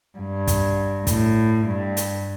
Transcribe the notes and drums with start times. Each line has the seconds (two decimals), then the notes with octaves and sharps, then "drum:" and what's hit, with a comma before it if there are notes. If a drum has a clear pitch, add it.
0.18 G2
0.47 drum: kick, hi-hat
1.07 A2, drum: kick, hi-hat
1.67 G2
1.97 drum: hi-hat